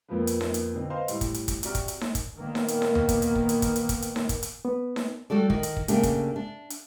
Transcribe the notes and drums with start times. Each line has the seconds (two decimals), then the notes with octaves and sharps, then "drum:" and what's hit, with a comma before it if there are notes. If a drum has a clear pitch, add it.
0.08 F2 A#2 F3 A#3 B3
0.27 drum: hi-hat
0.41 drum: snare D#4
0.54 drum: hi-hat
0.73 B2 D3 C4 D#4
0.90 B4 C5 D#5 F5 A#5 C6
1.08 A2 G3, drum: hi-hat
1.21 drum: kick, hi-hat
1.34 drum: hi-hat
1.48 drum: kick, hi-hat
1.63 C3 F#4 G4 D5 A#5 F6, drum: hi-hat
1.75 drum: kick, hi-hat
1.88 drum: hi-hat
2.01 drum: snare D#4
2.15 drum: kick, hi-hat
2.36 A#2 D#3 A#3 B3
2.55 drum: snare D#4
2.68 drum: hi-hat
2.82 drum: snare D#4
2.95 drum: tom D#2
3.09 drum: kick, hi-hat
3.22 drum: hi-hat
3.35 drum: kick
3.49 drum: hi-hat
3.62 drum: kick, hi-hat
3.76 drum: hi-hat
3.89 drum: kick, hi-hat
4.02 drum: hi-hat
4.16 drum: snare D#4
4.29 drum: kick, hi-hat
4.43 drum: hi-hat
4.65 B3
4.96 drum: snare D#4
5.30 G3 F#4 A4 D5
5.50 D#3, drum: kick
5.63 drum: hi-hat
5.77 drum: kick
5.88 C#3 A3 A#3 D4 G4, drum: hi-hat
6.03 drum: kick, hi-hat
6.36 D4
6.70 drum: hi-hat